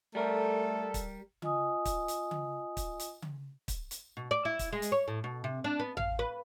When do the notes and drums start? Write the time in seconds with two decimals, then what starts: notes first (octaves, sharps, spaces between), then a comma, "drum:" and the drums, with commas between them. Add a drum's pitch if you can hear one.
0.15 G3 A3 A4 A#4
0.94 drum: kick, hi-hat
1.42 F4 D#5 G#5 D#6, drum: tom C#3
1.85 drum: kick, hi-hat
2.08 drum: hi-hat
2.31 drum: tom C#3
2.77 drum: kick, hi-hat
3.00 drum: hi-hat
3.22 drum: tom C#3
3.68 drum: kick, hi-hat
3.91 drum: hi-hat
4.17 B2
4.31 D5
4.45 E4
4.59 drum: kick, hi-hat
4.72 G#3
4.82 drum: hi-hat
4.92 C#5
5.08 A2
5.24 B2
5.44 C3
5.64 D4
5.80 B3
5.97 F5, drum: tom A1
6.19 B4